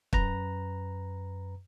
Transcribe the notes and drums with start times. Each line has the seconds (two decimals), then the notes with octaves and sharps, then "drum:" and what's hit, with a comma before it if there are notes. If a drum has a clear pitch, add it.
0.13 F#2 B4 A#5, drum: kick